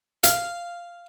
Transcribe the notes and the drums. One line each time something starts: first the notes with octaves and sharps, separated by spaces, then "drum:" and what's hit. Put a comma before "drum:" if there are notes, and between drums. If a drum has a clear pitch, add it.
F5, drum: hi-hat